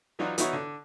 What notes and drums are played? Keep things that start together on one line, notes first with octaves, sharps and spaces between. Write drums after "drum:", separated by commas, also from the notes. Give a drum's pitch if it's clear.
E3 F#3 D4 D#4 F4 F#4
E3 B3 D#4 E4 F#4 C#5, drum: hi-hat
D3